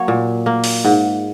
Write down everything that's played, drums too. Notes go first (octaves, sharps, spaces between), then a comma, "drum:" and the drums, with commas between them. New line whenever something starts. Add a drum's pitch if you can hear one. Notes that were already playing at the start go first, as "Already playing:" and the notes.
Already playing: F#3 A#3 C#5
A#2
A#3
drum: open hi-hat
G#2